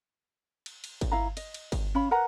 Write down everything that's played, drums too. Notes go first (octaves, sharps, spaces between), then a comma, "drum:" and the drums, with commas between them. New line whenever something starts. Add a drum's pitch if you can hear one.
drum: cymbal
drum: cymbal
drum: kick G1, cymbal
E4 F5 A#5
D#5, drum: cymbal
drum: cymbal
drum: kick G1, cymbal
C#4 F5 B5
A#4 B4 F#5 A#5